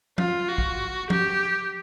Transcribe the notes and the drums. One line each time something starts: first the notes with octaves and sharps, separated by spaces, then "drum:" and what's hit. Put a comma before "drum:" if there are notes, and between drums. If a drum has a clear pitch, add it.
F4, drum: tom F3
F#4
drum: kick
G4, drum: tom F3